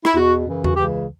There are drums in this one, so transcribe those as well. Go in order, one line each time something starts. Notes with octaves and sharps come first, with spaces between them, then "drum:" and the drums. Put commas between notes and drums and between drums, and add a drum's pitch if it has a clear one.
E4, drum: rim click
E2 B2 F#4
F#2 C#3 E3
F#4, drum: tom E2
C#2 C#3 E3 G4